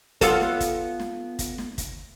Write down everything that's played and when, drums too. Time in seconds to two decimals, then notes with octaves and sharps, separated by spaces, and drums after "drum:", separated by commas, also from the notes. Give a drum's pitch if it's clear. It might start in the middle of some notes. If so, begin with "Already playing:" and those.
0.21 B3 F4 A4, drum: kick, hi-hat
0.41 drum: snare
0.60 drum: kick, hi-hat
1.00 drum: snare
1.39 drum: kick, hi-hat
1.58 drum: snare
1.78 drum: kick, hi-hat